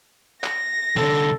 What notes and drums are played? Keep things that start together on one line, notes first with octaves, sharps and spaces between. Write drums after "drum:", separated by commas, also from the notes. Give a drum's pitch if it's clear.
A#6, drum: clap
C2 D3 A4, drum: snare